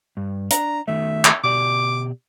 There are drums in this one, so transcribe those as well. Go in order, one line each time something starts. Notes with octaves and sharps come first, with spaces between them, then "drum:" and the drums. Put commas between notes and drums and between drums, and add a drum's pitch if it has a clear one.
G2
D4 A#5, drum: hi-hat
D#3 A3 E5
drum: clap
B2 G4 D5 D6